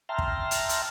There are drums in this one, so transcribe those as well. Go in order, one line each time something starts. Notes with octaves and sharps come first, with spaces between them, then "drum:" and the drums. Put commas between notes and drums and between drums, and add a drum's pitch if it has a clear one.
E5 G5 A5 A#5 C6 F6
drum: kick
drum: hi-hat
drum: hi-hat